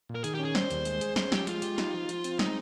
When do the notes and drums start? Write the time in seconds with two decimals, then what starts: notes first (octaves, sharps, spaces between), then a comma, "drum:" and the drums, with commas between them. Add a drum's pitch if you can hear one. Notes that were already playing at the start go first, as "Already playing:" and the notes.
0.09 A#2
0.15 A#4
0.24 D#3 G#4, drum: hi-hat
0.34 C#4 G4
0.44 G#4
0.55 G3 C5, drum: snare
0.71 D#2, drum: hi-hat
0.85 G#3, drum: hi-hat
1.01 G#4, drum: hi-hat
1.16 C#4 C5, drum: snare
1.32 F3 G4, drum: snare
1.47 G#3 F4, drum: hi-hat
1.62 G4, drum: hi-hat
1.78 D#4, drum: snare
1.94 F3
2.09 F3, drum: hi-hat
2.24 C4, drum: hi-hat
2.39 G#3 D#4, drum: snare